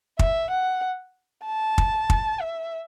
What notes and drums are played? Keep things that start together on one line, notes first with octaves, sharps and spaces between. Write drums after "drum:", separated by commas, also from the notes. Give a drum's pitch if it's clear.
E5, drum: kick
F#5
A5
drum: kick
drum: kick
E5